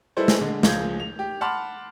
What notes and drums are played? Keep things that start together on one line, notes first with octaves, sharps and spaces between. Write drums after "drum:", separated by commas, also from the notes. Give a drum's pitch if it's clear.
G3 G#3 E4 A4 B4 C5
drum: snare
D3 G#3
C#2 F3 G#4 G6 G#6, drum: snare
F7
G4
F#5 A5 B5 C6 D6 F6